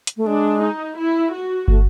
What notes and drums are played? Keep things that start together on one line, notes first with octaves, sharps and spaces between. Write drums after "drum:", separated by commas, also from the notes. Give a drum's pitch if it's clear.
drum: hi-hat
A3
G#3 D4
D#4
E4
F#4
A3, drum: kick